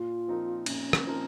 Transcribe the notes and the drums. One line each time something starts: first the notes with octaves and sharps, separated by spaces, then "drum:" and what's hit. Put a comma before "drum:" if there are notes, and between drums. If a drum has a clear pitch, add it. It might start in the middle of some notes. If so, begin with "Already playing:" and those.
Already playing: A#2 F4
F3 C4 D#4 A#4
A#2 C#4, drum: cymbal
drum: rim click
F3 C4 D#4 A#4